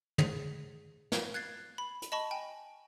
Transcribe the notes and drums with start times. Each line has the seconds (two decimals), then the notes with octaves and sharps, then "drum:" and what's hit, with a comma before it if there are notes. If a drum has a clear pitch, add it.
0.18 G#4, drum: tom
1.12 drum: snare
1.34 F#6 G#6 A6 C7
1.78 B5
2.02 drum: hi-hat
2.12 D#5 A5 B5 C#6
2.31 G5 G#5